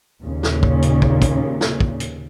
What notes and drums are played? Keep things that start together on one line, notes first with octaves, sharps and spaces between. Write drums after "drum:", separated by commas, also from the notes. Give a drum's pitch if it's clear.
D#2 A#2 C#3
drum: snare
drum: kick
drum: hi-hat
drum: kick
drum: kick, hi-hat
drum: snare
drum: kick
drum: hi-hat